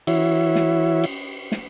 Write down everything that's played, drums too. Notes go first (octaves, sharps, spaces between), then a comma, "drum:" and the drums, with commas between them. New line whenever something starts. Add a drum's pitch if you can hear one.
E3 E4 F#4 C#5 E5, drum: cymbal
drum: snare
drum: cymbal
drum: snare